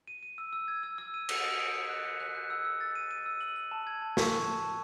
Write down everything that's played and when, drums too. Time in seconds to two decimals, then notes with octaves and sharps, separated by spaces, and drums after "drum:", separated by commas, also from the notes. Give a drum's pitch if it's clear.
0.07 D#7
0.23 D#7
0.38 E6
0.53 E6
0.68 G#6
0.83 E6
0.98 E6
1.14 D#7
1.29 D#6, drum: cymbal
1.44 D#6
1.59 C#7
1.74 C#7
1.89 F#6
2.05 C#7
2.20 F#6
2.35 F#6
2.50 E6
2.65 E6
2.81 A6
2.95 D#7
3.11 D#7
3.26 E6
3.41 F#7
3.56 F#7
3.71 A5
3.87 G#6
4.02 A5
4.17 C#6, drum: snare
4.32 C#6
4.47 A5
4.62 A5